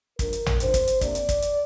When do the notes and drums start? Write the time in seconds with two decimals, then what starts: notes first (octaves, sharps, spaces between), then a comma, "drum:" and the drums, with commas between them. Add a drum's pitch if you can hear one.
0.19 G2 F3 D4 A#4, drum: kick, hi-hat
0.33 drum: hi-hat
0.46 drum: tom A1
0.60 C3 F3 D4 C5, drum: hi-hat
0.74 drum: kick, hi-hat
0.87 drum: hi-hat
1.01 C3 A#3 D4 D5, drum: kick, hi-hat
1.15 drum: hi-hat
1.29 drum: kick, hi-hat
1.42 drum: hi-hat